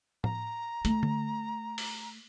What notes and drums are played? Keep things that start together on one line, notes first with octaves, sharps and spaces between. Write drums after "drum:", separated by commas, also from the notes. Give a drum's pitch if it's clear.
A#5, drum: tom A2
A3, drum: hi-hat
drum: tom D3
drum: open hi-hat